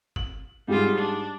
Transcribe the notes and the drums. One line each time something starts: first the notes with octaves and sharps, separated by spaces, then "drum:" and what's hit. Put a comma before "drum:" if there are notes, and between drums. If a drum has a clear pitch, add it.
F#7, drum: kick G1
G#2 G3 F4 G4 G#4
D4